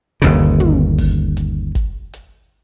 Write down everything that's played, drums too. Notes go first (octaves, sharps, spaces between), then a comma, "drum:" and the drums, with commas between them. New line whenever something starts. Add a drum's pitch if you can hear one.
G1 D#2 C#3, drum: hi-hat
drum: tom
drum: kick, open hi-hat
drum: hi-hat
drum: kick, hi-hat
drum: hi-hat